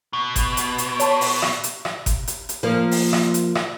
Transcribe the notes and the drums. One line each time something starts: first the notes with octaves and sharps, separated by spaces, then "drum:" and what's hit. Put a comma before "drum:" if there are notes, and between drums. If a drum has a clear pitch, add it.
B2
drum: kick G1, hi-hat
drum: hi-hat
drum: hi-hat
C#5 A5 C6, drum: hi-hat
drum: open hi-hat
drum: rim click
drum: hi-hat
drum: rim click
drum: kick G1, hi-hat
drum: hi-hat
drum: hi-hat
F3 A#3
drum: open hi-hat
drum: rim click
drum: hi-hat
drum: rim click